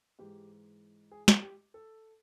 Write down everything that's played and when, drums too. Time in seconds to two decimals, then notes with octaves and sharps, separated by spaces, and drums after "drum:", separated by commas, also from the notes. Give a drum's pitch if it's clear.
0.19 G#2 E3 G4
1.11 G#4
1.28 drum: snare
1.42 G4
1.74 A4